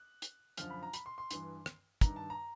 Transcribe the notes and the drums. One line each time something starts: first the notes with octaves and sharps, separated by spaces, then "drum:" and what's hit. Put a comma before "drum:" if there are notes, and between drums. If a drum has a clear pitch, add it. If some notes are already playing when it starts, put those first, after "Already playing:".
Already playing: F#6
drum: hi-hat
F#2 D3 F3 F6, drum: hi-hat
B5
A#5
B5, drum: hi-hat
C6
C6
G2 E3, drum: hi-hat
drum: rim click
G2 D#3 A#5, drum: kick, hi-hat
A5
A#5